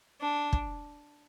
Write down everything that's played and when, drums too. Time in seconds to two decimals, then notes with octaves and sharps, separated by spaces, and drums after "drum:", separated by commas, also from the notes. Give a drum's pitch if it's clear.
0.21 D4
0.53 drum: kick